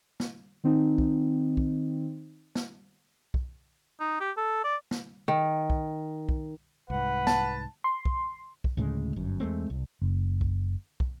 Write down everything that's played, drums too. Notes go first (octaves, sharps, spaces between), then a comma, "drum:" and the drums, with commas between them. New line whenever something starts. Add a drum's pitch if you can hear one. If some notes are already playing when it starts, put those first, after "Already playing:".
drum: snare
D#3 C4 D#4
drum: kick
drum: kick
drum: snare
drum: kick
D#4
G4
A4
D5
drum: snare
D#3
drum: kick
drum: kick
C2 G#2 B4 F#5
A5, drum: snare
C6
drum: kick
drum: kick
D2 A2 C#3 G#3
G1 F#2
E2 G#3 A3 C4
C2
F#1
drum: kick
drum: kick